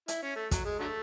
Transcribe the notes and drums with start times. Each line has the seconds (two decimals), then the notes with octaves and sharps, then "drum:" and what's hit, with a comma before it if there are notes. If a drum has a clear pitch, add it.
0.08 E4, drum: hi-hat
0.23 C#4
0.36 A3
0.51 F#3, drum: kick, hi-hat
0.65 G#3
0.80 D3 F#3 A3